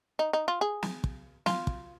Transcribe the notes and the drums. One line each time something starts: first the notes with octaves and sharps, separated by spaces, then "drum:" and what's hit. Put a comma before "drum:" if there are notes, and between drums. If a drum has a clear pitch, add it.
D#4
D#4
F4
G#4
drum: snare
drum: kick
F4, drum: snare
drum: kick